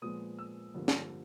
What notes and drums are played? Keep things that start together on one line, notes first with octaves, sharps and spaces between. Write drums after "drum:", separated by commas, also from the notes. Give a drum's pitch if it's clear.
A#2 F3 G#3 B3 D#6
E6
G2 D3 F3 A#3
drum: snare